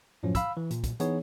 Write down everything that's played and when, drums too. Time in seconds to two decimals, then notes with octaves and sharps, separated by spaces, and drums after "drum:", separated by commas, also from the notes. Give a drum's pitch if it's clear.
0.23 F#2 A2 F3 F#3 C#4
0.35 F5 B5 E6, drum: kick, hi-hat
0.57 E3
0.71 A#2, drum: hi-hat
0.84 drum: kick, hi-hat
1.00 E3 B3 D#4 G#4 C#5, drum: hi-hat